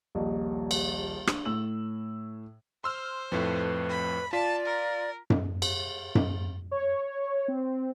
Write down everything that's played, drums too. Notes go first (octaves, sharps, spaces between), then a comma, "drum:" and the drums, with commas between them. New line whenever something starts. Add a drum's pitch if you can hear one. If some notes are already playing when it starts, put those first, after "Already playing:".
D#1 A#1 D#5
drum: cymbal
D4, drum: rim click
A2 E6 F#7
C5 C6 E6 F6
F2 A2 A3 B4
B5
F4 D5 A5 B6
A#4
drum: tom F#2
drum: cymbal
drum: tom F#2
C#5
C4